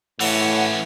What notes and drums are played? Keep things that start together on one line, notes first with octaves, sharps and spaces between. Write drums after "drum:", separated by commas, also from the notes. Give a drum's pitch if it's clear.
A2 E3 C#4 F#5, drum: open hi-hat